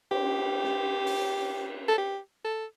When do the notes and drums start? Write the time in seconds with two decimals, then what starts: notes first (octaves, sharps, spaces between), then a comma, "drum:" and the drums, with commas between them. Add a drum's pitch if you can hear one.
0.11 G4, drum: cymbal
0.64 drum: snare
1.06 drum: open hi-hat
1.88 A4
1.98 G4
2.44 A4